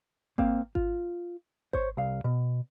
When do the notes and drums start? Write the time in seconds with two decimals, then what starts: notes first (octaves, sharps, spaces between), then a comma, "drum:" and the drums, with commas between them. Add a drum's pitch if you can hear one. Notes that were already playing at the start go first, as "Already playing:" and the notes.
0.38 A#3 C4 F5, drum: kick G#1
0.75 F4, drum: kick G#1
1.73 C5 C#5, drum: kick G#1
1.97 C2 F5
2.24 B2